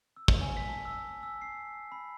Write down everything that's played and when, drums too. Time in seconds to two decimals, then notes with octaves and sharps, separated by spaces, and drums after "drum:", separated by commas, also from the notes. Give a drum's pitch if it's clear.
0.17 E6
0.28 drum: kick
0.41 G#5
0.57 B6
0.69 A5
0.85 E6
1.23 E6
1.42 C7
1.92 B5